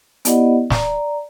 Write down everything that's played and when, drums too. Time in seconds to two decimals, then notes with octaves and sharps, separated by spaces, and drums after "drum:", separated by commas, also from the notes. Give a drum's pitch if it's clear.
0.25 B3 E4 G4 D5 D#5 F#5, drum: hi-hat
0.70 D5 A#5, drum: snare